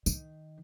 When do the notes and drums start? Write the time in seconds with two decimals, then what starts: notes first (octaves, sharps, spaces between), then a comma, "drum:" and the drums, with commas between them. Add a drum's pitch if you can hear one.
0.06 D#3, drum: tambourine